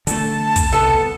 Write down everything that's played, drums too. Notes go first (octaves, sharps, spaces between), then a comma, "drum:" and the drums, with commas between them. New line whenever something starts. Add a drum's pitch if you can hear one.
D3 A3 A5, drum: hi-hat
drum: kick, hi-hat
C2 B3 A4